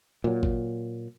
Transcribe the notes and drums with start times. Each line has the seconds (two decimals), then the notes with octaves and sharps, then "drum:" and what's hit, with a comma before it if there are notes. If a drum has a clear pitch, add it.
0.24 A#2 F#3
0.43 drum: kick G#1